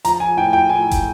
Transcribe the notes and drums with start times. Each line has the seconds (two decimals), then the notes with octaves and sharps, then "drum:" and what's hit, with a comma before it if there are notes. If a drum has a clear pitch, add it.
0.05 F3 A#5, drum: hi-hat
0.20 G#5
0.37 A2 G5
0.53 G5
0.69 A2 G#5
0.91 drum: kick, hi-hat